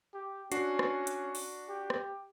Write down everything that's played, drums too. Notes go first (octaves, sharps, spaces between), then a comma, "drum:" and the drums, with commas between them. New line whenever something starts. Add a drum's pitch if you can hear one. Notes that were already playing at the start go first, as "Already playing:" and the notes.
G4
C#4 D4 F#4 C7, drum: hi-hat
drum: rim click
drum: hi-hat
drum: open hi-hat
G4
drum: rim click